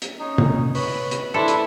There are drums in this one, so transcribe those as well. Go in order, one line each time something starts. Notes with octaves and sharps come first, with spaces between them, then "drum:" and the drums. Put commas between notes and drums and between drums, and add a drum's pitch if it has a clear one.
drum: hi-hat
C#4 D#4
drum: tom
B4 C#5 B5, drum: open hi-hat
drum: hi-hat
D4 E4 A4 C5
drum: hi-hat